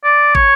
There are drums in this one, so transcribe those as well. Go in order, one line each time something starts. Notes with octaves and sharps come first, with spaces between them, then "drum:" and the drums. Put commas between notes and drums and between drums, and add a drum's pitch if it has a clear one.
D5
C#5, drum: kick